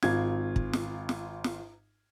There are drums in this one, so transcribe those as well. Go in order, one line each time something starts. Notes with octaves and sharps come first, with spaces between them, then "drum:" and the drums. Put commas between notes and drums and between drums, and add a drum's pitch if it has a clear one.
G#1 F4 G#6, drum: snare
drum: kick
drum: snare
drum: snare
drum: snare